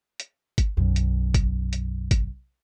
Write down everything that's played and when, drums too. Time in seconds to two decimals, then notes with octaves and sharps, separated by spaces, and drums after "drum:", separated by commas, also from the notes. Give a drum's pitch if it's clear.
0.20 drum: hi-hat
0.58 drum: kick G1, hi-hat
0.77 B1 F#2
0.96 drum: hi-hat
1.34 drum: kick G1, hi-hat
1.73 drum: hi-hat
2.11 drum: kick G1, hi-hat